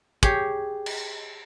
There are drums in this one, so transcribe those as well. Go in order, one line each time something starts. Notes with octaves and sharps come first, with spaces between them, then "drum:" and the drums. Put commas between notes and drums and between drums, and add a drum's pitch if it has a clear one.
G4 G#4 C#5, drum: kick
drum: cymbal